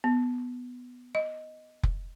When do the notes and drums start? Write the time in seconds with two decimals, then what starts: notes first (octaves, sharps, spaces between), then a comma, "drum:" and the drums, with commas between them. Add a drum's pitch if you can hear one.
0.04 B3
1.15 D#5
1.83 drum: kick F1